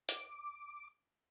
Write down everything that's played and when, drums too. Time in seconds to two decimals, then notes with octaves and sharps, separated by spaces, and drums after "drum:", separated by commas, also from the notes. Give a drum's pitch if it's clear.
0.09 D6, drum: hi-hat